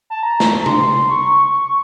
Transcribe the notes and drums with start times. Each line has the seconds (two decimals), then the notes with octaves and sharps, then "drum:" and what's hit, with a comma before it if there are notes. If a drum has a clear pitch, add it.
0.10 A5
0.23 A#5
0.40 drum: snare
0.66 C6, drum: tom C3
1.10 C#6